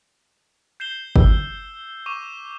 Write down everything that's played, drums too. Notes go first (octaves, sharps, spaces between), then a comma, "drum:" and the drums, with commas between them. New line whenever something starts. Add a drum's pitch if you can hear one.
G6 C7 E7 G7
E6, drum: kick G1
C#6 D6 D#7